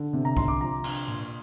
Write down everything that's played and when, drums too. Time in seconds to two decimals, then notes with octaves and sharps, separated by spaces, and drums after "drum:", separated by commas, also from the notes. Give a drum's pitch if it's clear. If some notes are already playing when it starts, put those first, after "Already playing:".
Already playing: D3
0.13 C3
0.25 A#5
0.37 C3 C6, drum: kick C2
0.48 D6
0.61 F3 A#5
0.84 D4, drum: cymbal
1.07 A#2 C6